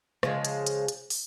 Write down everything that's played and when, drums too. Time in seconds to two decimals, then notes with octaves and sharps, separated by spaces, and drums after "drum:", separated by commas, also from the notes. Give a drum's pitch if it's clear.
0.23 C#3 F3 G#3, drum: rim click
0.45 drum: hi-hat
0.67 drum: hi-hat
0.88 drum: hi-hat
1.10 drum: open hi-hat